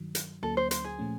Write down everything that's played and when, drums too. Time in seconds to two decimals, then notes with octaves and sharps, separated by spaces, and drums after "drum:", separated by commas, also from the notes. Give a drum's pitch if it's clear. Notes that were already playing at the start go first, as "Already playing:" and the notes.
Already playing: G2 D#3 F#3
0.15 drum: hi-hat
0.43 D2 D3 F#3 A#3 C#4 A4
0.57 C5
0.71 C5, drum: hi-hat
0.84 G#4
0.99 A#2 F3 A3 C#4